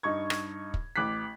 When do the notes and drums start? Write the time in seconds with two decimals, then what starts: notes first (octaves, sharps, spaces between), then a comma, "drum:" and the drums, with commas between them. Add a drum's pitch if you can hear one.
0.03 G2 D#4 C#6 G#6
0.30 drum: rim click
0.74 drum: kick
0.96 A1 D6 F#6 B6